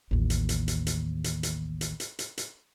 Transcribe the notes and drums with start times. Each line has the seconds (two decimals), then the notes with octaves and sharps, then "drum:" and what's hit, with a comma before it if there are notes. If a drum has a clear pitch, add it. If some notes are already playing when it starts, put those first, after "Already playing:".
0.11 A1 D#2
0.30 drum: hi-hat
0.49 drum: hi-hat
0.68 drum: hi-hat
0.87 drum: hi-hat
1.24 drum: hi-hat
1.43 drum: hi-hat
1.81 drum: hi-hat
2.00 drum: hi-hat
2.19 drum: hi-hat
2.38 drum: hi-hat